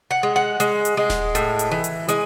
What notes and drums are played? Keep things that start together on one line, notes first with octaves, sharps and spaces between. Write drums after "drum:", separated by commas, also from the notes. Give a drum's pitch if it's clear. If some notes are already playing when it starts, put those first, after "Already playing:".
F#5
G#3
F#5
G#3, drum: hi-hat
drum: hi-hat
G#3
drum: snare D#1
A2, drum: hi-hat
drum: hi-hat
E3
drum: hi-hat
G#3 G#5, drum: hi-hat